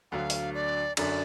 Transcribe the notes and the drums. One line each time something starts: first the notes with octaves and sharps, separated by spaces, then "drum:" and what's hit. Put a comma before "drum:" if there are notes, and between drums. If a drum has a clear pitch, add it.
D2 D3 F#3 F5 F#5
drum: open hi-hat
D5
F#2 D3 F#3 D5, drum: cymbal